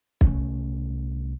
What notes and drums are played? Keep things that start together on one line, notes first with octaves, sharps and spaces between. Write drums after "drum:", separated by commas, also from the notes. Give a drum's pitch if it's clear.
C2 A3 C#4, drum: kick